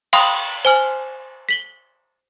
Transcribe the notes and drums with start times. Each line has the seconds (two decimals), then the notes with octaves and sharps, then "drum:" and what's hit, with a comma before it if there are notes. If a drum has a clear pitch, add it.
0.13 F5 G5 B5 C6 D#6, drum: cymbal
0.65 C5 G#5 F6 F#7
1.49 B6 F#7 G7